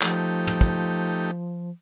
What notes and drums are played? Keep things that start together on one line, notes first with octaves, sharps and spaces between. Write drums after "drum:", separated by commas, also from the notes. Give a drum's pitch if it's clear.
F3 A3 D#4 G4, drum: clap
drum: tom
drum: kick